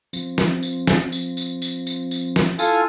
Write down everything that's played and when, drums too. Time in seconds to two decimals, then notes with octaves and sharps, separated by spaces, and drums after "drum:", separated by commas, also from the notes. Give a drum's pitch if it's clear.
0.13 F3 C4, drum: tambourine
0.38 drum: snare
0.63 drum: tambourine
0.87 drum: snare
1.12 drum: tambourine
1.37 drum: tambourine
1.62 drum: tambourine
1.87 drum: tambourine
2.11 drum: tambourine
2.36 drum: snare
2.59 E4 F4 A4 G#5 F6, drum: tambourine